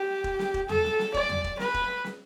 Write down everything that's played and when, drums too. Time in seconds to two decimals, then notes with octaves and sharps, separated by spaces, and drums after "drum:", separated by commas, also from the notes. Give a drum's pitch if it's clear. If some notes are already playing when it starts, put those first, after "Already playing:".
Already playing: G4
0.24 drum: kick E1
0.39 drum: snare
0.54 drum: kick E1
0.69 A4, drum: tom E2
0.84 drum: snare
0.99 drum: snare
1.14 D5, drum: kick E1
1.29 drum: tom E2
1.44 drum: kick E1
1.59 B4, drum: snare
1.74 drum: kick E1
2.04 drum: snare